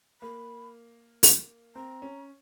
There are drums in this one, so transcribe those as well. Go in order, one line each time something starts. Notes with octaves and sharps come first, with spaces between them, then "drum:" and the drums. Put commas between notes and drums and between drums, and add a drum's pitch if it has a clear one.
A#3 B5
drum: open hi-hat
C4 A#5
C#4